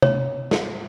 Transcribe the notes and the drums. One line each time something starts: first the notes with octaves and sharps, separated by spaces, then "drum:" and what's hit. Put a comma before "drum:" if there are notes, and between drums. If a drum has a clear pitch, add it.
C#5, drum: tom C3
drum: snare